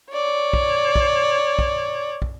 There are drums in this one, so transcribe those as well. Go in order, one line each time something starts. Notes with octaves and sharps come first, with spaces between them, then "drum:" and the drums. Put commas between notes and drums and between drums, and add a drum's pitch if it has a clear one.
C#5 D5
drum: kick
drum: kick
drum: kick
drum: kick